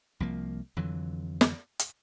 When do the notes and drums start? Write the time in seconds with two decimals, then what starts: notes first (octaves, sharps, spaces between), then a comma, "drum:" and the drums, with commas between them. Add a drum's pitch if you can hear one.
0.20 C2 F3 A#3
0.77 F2 D3 E3 F#3
1.41 drum: snare
1.79 drum: hi-hat